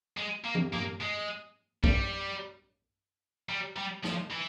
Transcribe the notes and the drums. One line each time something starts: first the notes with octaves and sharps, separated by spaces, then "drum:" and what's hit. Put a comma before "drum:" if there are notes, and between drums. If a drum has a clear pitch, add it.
G#3
A#3
drum: tom
A#3, drum: tom
G#3
G3, drum: kick
G3
G3
F3, drum: snare
E3